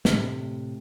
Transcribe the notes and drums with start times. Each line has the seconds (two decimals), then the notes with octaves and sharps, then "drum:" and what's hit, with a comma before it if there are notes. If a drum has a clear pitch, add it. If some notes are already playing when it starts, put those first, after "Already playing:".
0.05 A2 C3, drum: snare